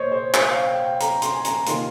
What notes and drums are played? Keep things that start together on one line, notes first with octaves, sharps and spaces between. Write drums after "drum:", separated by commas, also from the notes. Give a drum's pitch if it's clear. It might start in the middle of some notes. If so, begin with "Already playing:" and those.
Already playing: A#2 C5 C#5 D#5
C5
C5, drum: clap
F5
G5
G5
A#5, drum: hi-hat
C6, drum: hi-hat
G#5
A#5, drum: hi-hat
C3 D#3 A#3 F4 C6, drum: hi-hat